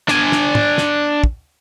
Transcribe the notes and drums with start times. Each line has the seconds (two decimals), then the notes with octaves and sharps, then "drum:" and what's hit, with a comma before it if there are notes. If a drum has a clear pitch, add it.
0.09 D4 G#5, drum: hi-hat
0.32 drum: snare
0.55 drum: tom
0.78 drum: snare
1.24 drum: kick